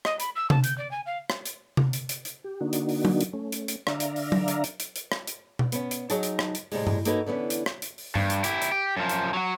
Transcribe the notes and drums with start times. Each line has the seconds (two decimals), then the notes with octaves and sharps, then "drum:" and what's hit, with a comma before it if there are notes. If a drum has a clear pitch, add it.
0.05 D#5, drum: rim click
0.20 B5, drum: hi-hat
0.36 E6
0.50 A5, drum: tom C3
0.64 G6, drum: hi-hat
0.78 D5
0.91 G#5
1.06 F5
1.30 drum: rim click
1.46 drum: hi-hat
1.77 drum: tom C3
1.93 drum: hi-hat
2.09 drum: hi-hat
2.25 drum: hi-hat
2.44 G4
2.61 D3 A#3 D4 D#4 F#4
2.73 drum: hi-hat
2.89 drum: open hi-hat
3.05 drum: tom F#3
3.21 drum: hi-hat
3.33 A3 C#4
3.52 drum: hi-hat
3.68 drum: hi-hat
3.87 D3 D4 D5 E5 F5 A#5, drum: rim click
4.00 drum: hi-hat
4.16 drum: open hi-hat
4.32 drum: tom F#3
4.48 drum: hi-hat
4.64 drum: hi-hat
4.80 drum: hi-hat
4.96 drum: hi-hat
5.12 drum: rim click
5.27 drum: hi-hat
5.59 drum: tom B2
5.72 B3 C#4, drum: hi-hat
5.91 drum: hi-hat
6.10 F#3 D#4 G#4 A5, drum: hi-hat
6.23 drum: hi-hat
6.39 drum: rim click
6.55 drum: hi-hat
6.72 A2 C3 G3 G#3, drum: open hi-hat
6.87 drum: tom G2
7.05 A#3 D#4 F#4 A4 B4 C#5, drum: hi-hat
7.26 D3 E3 B3 C#4
7.50 drum: hi-hat
7.66 drum: rim click
7.82 drum: hi-hat
7.98 drum: open hi-hat
8.15 G2, drum: tom G2
8.30 drum: hi-hat
8.44 E4 G4, drum: hi-hat
8.62 drum: hi-hat
8.72 G4
8.97 F#2 F3
9.09 drum: hi-hat
9.34 F#3 F#4